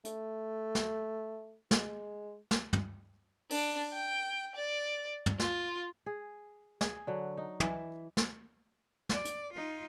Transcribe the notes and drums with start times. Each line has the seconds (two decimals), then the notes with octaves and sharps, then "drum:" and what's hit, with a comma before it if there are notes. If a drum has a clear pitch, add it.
0.05 A3, drum: hi-hat
0.75 drum: snare
1.71 G#3, drum: snare
2.51 drum: snare
2.73 drum: tom
3.50 D4, drum: open hi-hat
3.93 G5
4.55 D5
5.26 drum: tom
5.40 F4, drum: snare
6.06 G#4
6.81 G#4, drum: snare
7.07 D3 F#3
7.37 D#4
7.60 E3 E5, drum: tom
8.17 drum: snare
9.09 D5, drum: snare
9.25 drum: hi-hat
9.53 D#4 F4